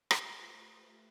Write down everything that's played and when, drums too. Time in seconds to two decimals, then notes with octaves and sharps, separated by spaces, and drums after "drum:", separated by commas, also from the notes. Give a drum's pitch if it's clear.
0.11 A3 F4 G4 B4 C5 E5, drum: rim click